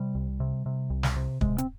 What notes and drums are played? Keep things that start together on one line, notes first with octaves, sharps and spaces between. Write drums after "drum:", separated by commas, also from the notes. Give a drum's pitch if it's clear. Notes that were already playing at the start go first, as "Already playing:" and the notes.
Already playing: C3 G3
C2
C3
C3
C2
drum: snare
C3
C3 G#3, drum: kick
C4, drum: hi-hat